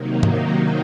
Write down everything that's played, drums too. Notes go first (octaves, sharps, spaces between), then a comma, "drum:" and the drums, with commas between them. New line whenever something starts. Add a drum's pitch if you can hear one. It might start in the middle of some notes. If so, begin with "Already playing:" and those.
Already playing: C3 D#3 F#3 A#3 D#4
drum: tom G#2